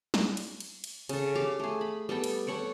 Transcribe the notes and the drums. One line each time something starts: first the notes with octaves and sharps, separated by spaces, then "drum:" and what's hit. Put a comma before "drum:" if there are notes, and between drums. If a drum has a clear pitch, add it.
drum: snare
drum: cymbal
drum: cymbal
drum: cymbal
C#3 A4, drum: cymbal
G4 F5 D6
A3 G#4
B5
G3 B3 A4 G5
drum: cymbal
A4 C#5 F#5 G5